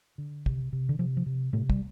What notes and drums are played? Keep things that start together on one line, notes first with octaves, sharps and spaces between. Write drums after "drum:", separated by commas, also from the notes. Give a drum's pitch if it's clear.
D3
C3, drum: kick
C3
D3
C3 F3
F3
C3
A2 C3 A3
G3, drum: kick